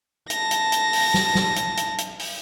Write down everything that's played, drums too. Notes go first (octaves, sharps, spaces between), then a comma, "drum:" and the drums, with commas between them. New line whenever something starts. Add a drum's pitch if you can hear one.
A5 A#6, drum: hi-hat
drum: hi-hat
drum: hi-hat
drum: open hi-hat
drum: snare
drum: snare
drum: hi-hat
drum: hi-hat
drum: hi-hat
drum: open hi-hat